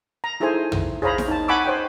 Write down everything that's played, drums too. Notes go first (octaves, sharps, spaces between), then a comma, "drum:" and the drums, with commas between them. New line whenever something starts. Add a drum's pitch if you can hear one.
A#5
D#4 E4 G#4 A4 C5 G#5
drum: tom
G#4 C5 C#5 F5 A#5 B5
drum: snare E4
D#4 A5
F#5 G#5 B5 C#6 D6 E6
C5 C#5 D#5 G5